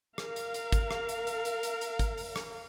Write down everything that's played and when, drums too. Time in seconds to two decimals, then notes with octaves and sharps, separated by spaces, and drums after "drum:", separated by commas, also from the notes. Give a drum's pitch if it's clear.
0.18 A#4 F5, drum: rim click
0.36 drum: hi-hat
0.54 drum: hi-hat
0.72 drum: kick, hi-hat
0.91 drum: rim click
1.09 drum: hi-hat
1.27 drum: hi-hat
1.45 drum: hi-hat
1.63 drum: hi-hat
1.81 drum: hi-hat
1.99 drum: kick, hi-hat
2.18 drum: open hi-hat
2.36 drum: rim click